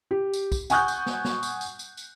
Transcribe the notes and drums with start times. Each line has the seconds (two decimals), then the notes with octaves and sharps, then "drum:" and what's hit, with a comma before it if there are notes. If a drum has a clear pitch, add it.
0.11 G4
0.33 drum: tambourine
0.52 drum: kick, tambourine
0.70 F#5 G#5 C#6 D#6 F#6 G6, drum: tambourine
0.88 drum: tambourine
1.06 drum: snare
1.25 drum: snare
1.43 drum: tambourine
1.61 drum: tambourine
1.79 drum: tambourine
1.97 drum: tambourine